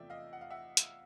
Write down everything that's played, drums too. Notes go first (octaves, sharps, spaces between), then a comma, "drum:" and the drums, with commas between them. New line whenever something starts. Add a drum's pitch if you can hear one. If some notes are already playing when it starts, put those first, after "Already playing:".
Already playing: E2 C3 F3 A3 D5 E5 G5
D#5 F5
F#5
F5
E5 F#5
drum: hi-hat